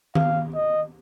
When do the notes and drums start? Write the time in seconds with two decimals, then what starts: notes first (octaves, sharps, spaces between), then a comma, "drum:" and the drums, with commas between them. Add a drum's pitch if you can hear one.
0.15 F5, drum: tom D#3
0.55 D#5